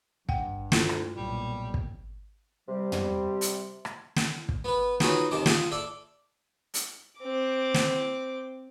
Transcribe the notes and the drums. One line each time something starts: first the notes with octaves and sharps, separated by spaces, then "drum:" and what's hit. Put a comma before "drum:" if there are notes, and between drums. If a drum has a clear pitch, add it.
G2 F#5 G5, drum: kick
D2 E4 F4, drum: snare
drum: rim click
B1 A#2 G3
drum: kick
C3 G3
drum: tom
drum: hi-hat
drum: rim click
drum: snare
drum: kick
B3 B4
D#4 F4 F#4 G#4 B4 C#5, drum: snare
D#2 C3 D#3 A5 D6
F4 G#4 G#5 A5, drum: snare
A4 D5 E5
drum: hi-hat
C4 D6
drum: snare